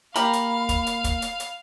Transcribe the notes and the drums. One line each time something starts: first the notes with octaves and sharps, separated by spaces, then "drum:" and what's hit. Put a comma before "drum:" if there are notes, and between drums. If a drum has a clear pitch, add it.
A#3 G4 A#4 F5 B5, drum: hi-hat
drum: hi-hat
drum: kick, hi-hat
drum: hi-hat
drum: kick, hi-hat
drum: hi-hat
drum: hi-hat